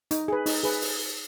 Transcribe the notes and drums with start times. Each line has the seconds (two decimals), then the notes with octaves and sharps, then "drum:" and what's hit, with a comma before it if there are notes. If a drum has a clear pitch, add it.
0.11 D#4, drum: hi-hat
0.28 G#4 B4
0.46 D#4, drum: open hi-hat
0.63 G#4 B4
0.82 drum: open hi-hat